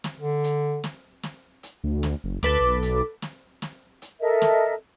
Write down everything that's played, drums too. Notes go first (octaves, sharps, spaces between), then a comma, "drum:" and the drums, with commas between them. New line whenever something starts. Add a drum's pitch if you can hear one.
drum: snare
D3
drum: hi-hat
drum: snare
drum: snare
drum: hi-hat
D2
drum: snare
F#1
D2 A4 B4 D6, drum: snare
B1
drum: hi-hat
drum: snare
drum: snare
drum: hi-hat
A4 A#4 D#5 E5
drum: snare